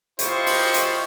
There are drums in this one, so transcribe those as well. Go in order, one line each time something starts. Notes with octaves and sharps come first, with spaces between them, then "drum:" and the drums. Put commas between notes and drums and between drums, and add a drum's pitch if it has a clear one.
E4 F4 G4 C5 D#5 C#6, drum: hi-hat
drum: open hi-hat
drum: hi-hat